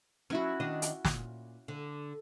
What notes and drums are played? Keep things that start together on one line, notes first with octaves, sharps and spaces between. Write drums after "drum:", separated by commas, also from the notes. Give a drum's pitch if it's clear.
F#3 C#4 E4 F#4
D#3 D4 D#5
drum: hi-hat
A#2, drum: snare
D3